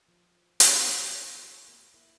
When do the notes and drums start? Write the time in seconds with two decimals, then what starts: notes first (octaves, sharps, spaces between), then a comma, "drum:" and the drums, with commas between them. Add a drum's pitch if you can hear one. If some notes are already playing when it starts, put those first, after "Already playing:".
0.08 F3
0.60 drum: hi-hat
0.73 G4
0.98 G#3
1.19 A#3
1.37 F4
1.51 C#5
1.68 A#3
1.94 E4